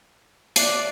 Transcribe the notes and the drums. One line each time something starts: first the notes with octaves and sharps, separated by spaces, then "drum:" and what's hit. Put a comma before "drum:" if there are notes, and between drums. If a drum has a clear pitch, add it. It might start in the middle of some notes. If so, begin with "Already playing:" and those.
D5 E5 F#6 C7, drum: hi-hat